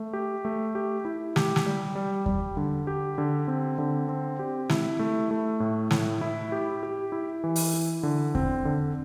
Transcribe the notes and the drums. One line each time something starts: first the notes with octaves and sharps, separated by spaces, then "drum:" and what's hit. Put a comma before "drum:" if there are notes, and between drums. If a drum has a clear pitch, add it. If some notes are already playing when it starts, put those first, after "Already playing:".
Already playing: A3
G4
A3
G4
E4
G4, drum: snare
drum: snare
G3
G3
G3, drum: kick E2
D3
G4
D3
C4
D3
C4
G4
E4, drum: snare
A3
A3
A2
A2, drum: snare
E4
G4
G4
E4
E3
drum: open hi-hat
E4
D3
C4, drum: kick E2
D3